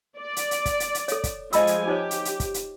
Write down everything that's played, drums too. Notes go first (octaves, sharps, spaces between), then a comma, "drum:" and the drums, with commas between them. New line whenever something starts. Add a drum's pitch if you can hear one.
D5
drum: hi-hat
drum: hi-hat
drum: kick, hi-hat
drum: hi-hat
drum: hi-hat
A4 C#5, drum: hi-hat
drum: kick, hi-hat
F3 G#3 D#5 G#5 B5 E6, drum: hi-hat
drum: hi-hat
D#4 G4 C5 C#5
drum: hi-hat
drum: hi-hat
drum: kick, hi-hat
drum: hi-hat